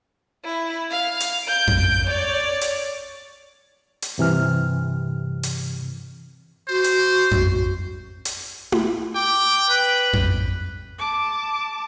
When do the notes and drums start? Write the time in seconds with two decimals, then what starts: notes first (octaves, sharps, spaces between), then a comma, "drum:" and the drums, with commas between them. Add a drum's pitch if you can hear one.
0.44 E4
0.90 F5
1.20 drum: hi-hat
1.44 G6 D7
1.67 drum: tom F2
2.07 C#5 D5
2.61 drum: hi-hat
4.02 drum: hi-hat
4.18 G2 C3 E3 F6
5.43 drum: hi-hat
6.68 F#4 C5
6.84 drum: hi-hat
7.31 drum: tom F2
8.25 drum: hi-hat
8.72 drum: tom E4
9.15 G5 D6
9.69 B4
10.13 drum: tom F2
10.99 A5 D6